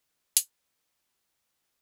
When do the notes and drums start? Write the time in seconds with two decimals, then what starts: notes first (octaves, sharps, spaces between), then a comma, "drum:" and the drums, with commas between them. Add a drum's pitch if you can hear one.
0.37 drum: hi-hat
0.96 A#4 D#5 F5 A#5
1.08 F3 G#5 B5
1.22 C#4 E4 G4 F5
1.35 A#4
1.48 C4 F#4
1.64 D4 F4 A#4 D5